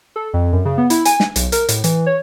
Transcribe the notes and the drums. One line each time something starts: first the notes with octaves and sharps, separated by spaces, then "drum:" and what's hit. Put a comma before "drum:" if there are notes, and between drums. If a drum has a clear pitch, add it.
A4
F2
F#2
C#3
B3
E4, drum: hi-hat
G#5, drum: hi-hat
drum: snare
B1, drum: hi-hat
A#4, drum: hi-hat
A2, drum: hi-hat
E3, drum: hi-hat
C#5